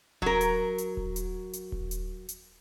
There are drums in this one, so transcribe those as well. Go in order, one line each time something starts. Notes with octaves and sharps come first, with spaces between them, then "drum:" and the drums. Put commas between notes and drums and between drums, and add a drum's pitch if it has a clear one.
F#3 A#4, drum: kick D#1
drum: hi-hat
drum: hi-hat
drum: kick D#1
drum: hi-hat
drum: hi-hat
drum: kick D#1
drum: hi-hat
drum: hi-hat